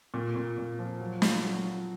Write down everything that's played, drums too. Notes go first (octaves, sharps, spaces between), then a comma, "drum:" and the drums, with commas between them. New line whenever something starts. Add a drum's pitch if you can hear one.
A#2
A#2
A#2
F3
F#3
F4, drum: snare
F#3
F4